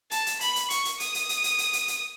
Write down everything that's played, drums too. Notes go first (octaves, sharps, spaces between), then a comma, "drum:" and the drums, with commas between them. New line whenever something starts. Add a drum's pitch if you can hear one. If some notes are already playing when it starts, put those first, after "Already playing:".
A5, drum: hi-hat
drum: hi-hat
B5, drum: hi-hat
drum: hi-hat
C#6, drum: hi-hat
drum: hi-hat
D#6, drum: hi-hat
drum: hi-hat
drum: hi-hat
drum: hi-hat
drum: hi-hat
drum: hi-hat
drum: hi-hat